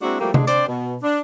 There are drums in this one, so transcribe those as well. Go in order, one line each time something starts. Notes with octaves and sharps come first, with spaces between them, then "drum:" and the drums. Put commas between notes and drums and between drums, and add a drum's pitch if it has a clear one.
G#3 A#3 C4 D4 E4 F#4
F3 G3 A3 A#3 F#4 G4
D3 G#3 D4, drum: tom
C4 D4 C5 D5, drum: hi-hat
B2
D4